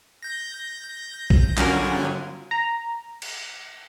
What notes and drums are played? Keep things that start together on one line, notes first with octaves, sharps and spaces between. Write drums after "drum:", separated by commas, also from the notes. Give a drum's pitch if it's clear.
G6 A#6
drum: kick
G2 D3 F#3 C#4 F4 F#4 A#4 G#5, drum: clap
A#5
drum: cymbal